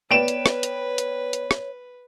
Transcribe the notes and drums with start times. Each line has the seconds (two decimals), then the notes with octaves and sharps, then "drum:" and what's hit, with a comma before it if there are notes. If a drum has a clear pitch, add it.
0.11 B3 B4 C#5 D5 G5 D7 E7
0.28 drum: hi-hat
0.46 drum: rim click
0.63 drum: hi-hat
0.98 drum: hi-hat
1.33 drum: hi-hat
1.51 drum: rim click